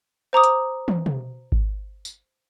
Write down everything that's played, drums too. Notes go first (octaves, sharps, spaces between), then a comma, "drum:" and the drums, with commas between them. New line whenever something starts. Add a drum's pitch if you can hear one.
C5 A#5 D6 D#6
drum: hi-hat
drum: tom
drum: tom
drum: kick G#1
drum: tambourine